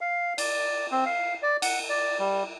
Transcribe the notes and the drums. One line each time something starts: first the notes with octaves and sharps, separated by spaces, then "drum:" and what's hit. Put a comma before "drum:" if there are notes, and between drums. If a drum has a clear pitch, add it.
F5
D5, drum: cymbal
C4
F5
D5
F#5, drum: cymbal
D5
G3